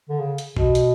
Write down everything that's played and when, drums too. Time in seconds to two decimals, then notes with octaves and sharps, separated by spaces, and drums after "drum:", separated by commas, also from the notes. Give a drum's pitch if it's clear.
0.09 D3
0.19 C#3
0.38 drum: hi-hat
0.57 B2, drum: kick A#1
0.75 drum: hi-hat